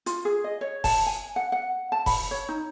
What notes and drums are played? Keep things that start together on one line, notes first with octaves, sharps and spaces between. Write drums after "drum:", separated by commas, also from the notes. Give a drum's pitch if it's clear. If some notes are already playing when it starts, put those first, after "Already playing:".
F4, drum: hi-hat
G#4
D#5
C#5
A5, drum: kick F1, open hi-hat
G#5
F#5
F#5
A5
B5, drum: kick F1, open hi-hat
C#5
D#4